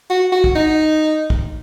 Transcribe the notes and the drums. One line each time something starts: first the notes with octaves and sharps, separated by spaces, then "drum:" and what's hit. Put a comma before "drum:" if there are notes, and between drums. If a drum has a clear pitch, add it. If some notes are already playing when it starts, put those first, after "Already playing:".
F#4
F#4
drum: kick
D#4
drum: kick